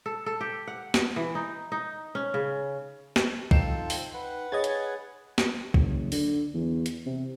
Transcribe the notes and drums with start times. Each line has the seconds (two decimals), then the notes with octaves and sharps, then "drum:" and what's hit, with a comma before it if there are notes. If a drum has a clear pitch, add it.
0.06 A4
0.26 A4
0.41 G4
0.67 F#5
0.94 drum: snare
1.16 E3
1.35 D#4
1.72 D#4
2.15 C#4
2.34 C#3
3.16 drum: snare
3.51 C4 D#4 F4 A4 G5 C7 E7, drum: kick
3.90 drum: open hi-hat
4.14 B4 F#5
4.52 G#4 C#5 D#5 G#6 A6
4.64 drum: hi-hat
5.38 drum: snare
5.74 F#1, drum: kick
6.12 D3, drum: open hi-hat
6.54 E2
6.86 drum: hi-hat
7.06 C3